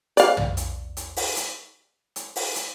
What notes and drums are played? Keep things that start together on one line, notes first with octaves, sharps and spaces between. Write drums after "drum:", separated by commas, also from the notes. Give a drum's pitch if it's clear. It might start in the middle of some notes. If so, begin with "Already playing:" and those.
D5 F5, drum: hi-hat
drum: tom
drum: hi-hat
drum: hi-hat
drum: open hi-hat
drum: hi-hat
drum: hi-hat
drum: open hi-hat
drum: hi-hat